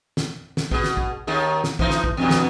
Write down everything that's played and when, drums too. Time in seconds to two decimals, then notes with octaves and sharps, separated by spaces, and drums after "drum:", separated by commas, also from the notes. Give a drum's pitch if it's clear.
0.17 drum: snare
0.57 drum: snare
0.71 B2 G#4, drum: kick
0.84 drum: snare
0.97 drum: kick
1.27 D#2 D#3 G#4
1.64 drum: snare
1.79 E3 F3 D#4, drum: kick
1.90 drum: snare
2.04 drum: kick
2.17 E2 G2 B2
2.31 drum: snare